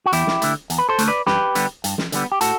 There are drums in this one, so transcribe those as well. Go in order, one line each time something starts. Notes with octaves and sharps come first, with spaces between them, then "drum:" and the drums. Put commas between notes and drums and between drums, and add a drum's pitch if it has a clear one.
F#4
E2 E4 G4, drum: hi-hat
drum: snare
D3 A3, drum: hi-hat
E2, drum: hi-hat
B4
A4 C5
D3 A3, drum: hi-hat
B4 D5
G2 G4 B4, drum: snare
D3 G3 B3, drum: hi-hat
G2, drum: hi-hat
drum: snare
D3 G3 B3, drum: hi-hat
G4
A2 F#4 A4, drum: hi-hat